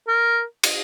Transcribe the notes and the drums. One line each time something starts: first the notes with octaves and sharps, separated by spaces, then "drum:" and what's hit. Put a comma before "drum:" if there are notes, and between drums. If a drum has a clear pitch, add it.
A#4
drum: cymbal